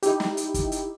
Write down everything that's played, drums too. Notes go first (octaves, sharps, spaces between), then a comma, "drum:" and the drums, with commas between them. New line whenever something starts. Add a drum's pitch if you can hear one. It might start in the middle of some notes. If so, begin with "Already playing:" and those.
D#4 E4 G4, drum: hi-hat
drum: snare
drum: hi-hat
drum: kick, hi-hat
drum: hi-hat